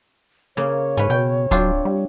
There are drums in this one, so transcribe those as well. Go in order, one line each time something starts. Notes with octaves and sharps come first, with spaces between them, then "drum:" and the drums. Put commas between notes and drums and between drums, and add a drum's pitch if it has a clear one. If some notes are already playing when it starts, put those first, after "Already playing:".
C#3 A#3 C#5
G#2 C#4 B4
B2 G5
F#3 C4 D4 F4, drum: kick D1
G3